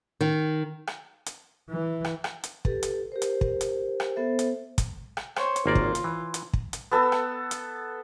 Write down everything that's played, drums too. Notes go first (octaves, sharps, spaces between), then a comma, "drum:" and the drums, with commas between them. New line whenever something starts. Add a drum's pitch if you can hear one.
D#3
drum: rim click
drum: hi-hat
E3
drum: rim click
drum: rim click
drum: hi-hat
G4 A4 B4, drum: kick
drum: hi-hat
G4 A#4 C5
drum: hi-hat
drum: kick
drum: hi-hat
drum: rim click
B3 A4 C5 E5
drum: hi-hat
drum: kick, hi-hat
drum: rim click
C5 C#5, drum: rim click
drum: hi-hat
G#1 A#3 F4 D5
drum: kick
drum: hi-hat
E3
drum: hi-hat
drum: kick
drum: hi-hat
B3 A4 E6
drum: rim click
drum: hi-hat